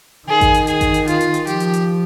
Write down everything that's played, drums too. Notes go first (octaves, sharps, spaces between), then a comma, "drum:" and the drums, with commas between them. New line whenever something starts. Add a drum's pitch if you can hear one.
D#3 G#4
drum: kick A1, hi-hat
drum: hi-hat
G#4, drum: hi-hat
drum: kick A1, hi-hat
drum: hi-hat
F4, drum: hi-hat
drum: hi-hat
drum: hi-hat
F3 G4, drum: hi-hat
drum: hi-hat
drum: hi-hat